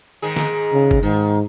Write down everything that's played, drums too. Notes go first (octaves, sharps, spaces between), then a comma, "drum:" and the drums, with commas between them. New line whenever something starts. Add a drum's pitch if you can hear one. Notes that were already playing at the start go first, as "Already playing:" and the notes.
G#2 D#3 G#4
drum: snare
C#3
drum: kick G1
G#2 D#3